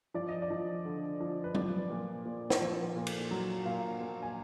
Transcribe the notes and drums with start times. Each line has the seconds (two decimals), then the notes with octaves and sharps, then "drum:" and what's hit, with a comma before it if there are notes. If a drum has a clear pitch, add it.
0.14 F3 D5
0.28 D#5
0.42 D5
0.50 F3
0.85 D3
1.20 F3
1.44 B4
1.55 F3 D5, drum: tom F#3
1.90 A#2
2.25 A#2
2.50 drum: snare
2.61 F3
2.96 A#2
3.07 drum: cymbal
3.31 F#3
3.65 A#2 F5
4.00 A#2
4.23 G#5